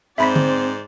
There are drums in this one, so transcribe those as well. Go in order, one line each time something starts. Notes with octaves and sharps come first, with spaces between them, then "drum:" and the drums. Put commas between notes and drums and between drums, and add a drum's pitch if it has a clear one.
G#2 C4 C5 D5 E5 B5 B6
drum: tom D3